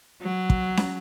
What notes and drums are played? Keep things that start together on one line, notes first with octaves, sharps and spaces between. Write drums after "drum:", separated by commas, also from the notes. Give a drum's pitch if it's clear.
F#3
drum: kick
drum: snare